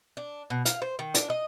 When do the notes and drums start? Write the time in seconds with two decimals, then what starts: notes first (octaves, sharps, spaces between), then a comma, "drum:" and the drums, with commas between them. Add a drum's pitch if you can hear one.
0.17 D4
0.50 B2
0.65 F5, drum: hi-hat
0.82 C5
0.99 D#3
1.14 D4, drum: hi-hat
1.30 D#5